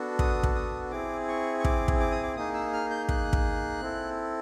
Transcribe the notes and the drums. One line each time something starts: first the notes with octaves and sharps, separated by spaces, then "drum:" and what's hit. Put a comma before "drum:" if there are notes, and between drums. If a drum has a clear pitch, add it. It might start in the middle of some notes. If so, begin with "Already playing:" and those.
Already playing: B3 D4 F#4 A4
D#6, drum: kick
drum: kick
D#6
C4 E4 G#4 D6
C#6
C#6
D6, drum: kick
drum: kick
D6
D#6
D6
A#3 D#4 G#4 D#6
E6
F6
G6
F#6, drum: kick
drum: kick
C4 E4 A4